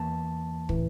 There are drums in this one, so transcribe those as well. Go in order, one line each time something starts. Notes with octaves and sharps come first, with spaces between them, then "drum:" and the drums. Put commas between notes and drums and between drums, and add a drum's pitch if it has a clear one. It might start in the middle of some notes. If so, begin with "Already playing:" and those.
Already playing: E2 E3 A#3 A5
A2 E3, drum: kick